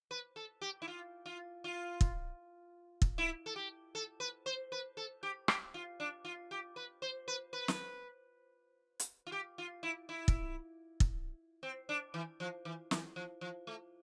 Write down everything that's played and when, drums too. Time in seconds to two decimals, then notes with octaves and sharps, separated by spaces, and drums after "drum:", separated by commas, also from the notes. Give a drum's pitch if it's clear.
0.11 B4
0.36 A4
0.61 G4
0.82 E4
0.88 F4
1.26 F4
1.64 F4
2.01 drum: kick
3.02 drum: kick
3.18 E4
3.46 A4
3.56 G4
3.95 A4
4.20 B4
4.46 C5
4.72 B4
4.97 A4
5.23 G4
5.48 G4, drum: rim click
5.74 F4
6.00 D4
6.25 F4
6.51 G4
6.76 B4
7.02 C5
7.28 B4
7.53 B4
7.68 drum: snare
9.00 drum: hi-hat
9.27 F4
9.32 G4
9.58 F4
9.83 E4
10.09 E4
10.28 drum: kick
11.00 drum: kick
11.63 C4
11.89 D4
12.14 E3
12.40 F3
12.65 E3
12.91 E3, drum: snare
13.16 F3
13.41 F3
13.67 A3